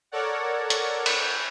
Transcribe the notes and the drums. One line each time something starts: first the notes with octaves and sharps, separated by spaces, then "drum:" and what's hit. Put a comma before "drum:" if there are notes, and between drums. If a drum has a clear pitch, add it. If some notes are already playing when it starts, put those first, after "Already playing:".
A4 A#4 C#5 D5 F#5
drum: hi-hat
drum: cymbal